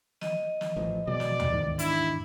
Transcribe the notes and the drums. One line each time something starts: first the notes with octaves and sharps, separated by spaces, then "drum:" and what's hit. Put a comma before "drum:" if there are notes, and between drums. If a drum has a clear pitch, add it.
D#5, drum: snare
drum: snare
A1 F3
B2 F#3 G#3 D5
drum: snare
drum: tom D2
E2 G#2 D#3
D4 E4, drum: hi-hat